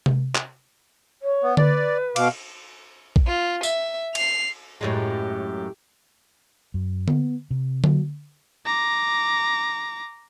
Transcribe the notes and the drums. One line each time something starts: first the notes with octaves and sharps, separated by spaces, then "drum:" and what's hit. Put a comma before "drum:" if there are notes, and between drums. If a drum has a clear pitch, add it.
drum: tom C3
drum: clap
C#5
B3
B4 D5, drum: tom D3
B2 F5 D6, drum: cymbal
drum: kick A1
F4
E5, drum: tambourine
C7 F7, drum: cymbal
F#2 A2 G#3 G4
F#2
B3, drum: tom D3
C3
F#3, drum: tom D3
A#5 D6